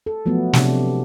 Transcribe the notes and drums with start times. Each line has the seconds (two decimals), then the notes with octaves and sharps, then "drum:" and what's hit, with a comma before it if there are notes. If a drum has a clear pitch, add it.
0.06 A4
0.26 F3 F#3 A3 B3
0.53 C3 D4, drum: snare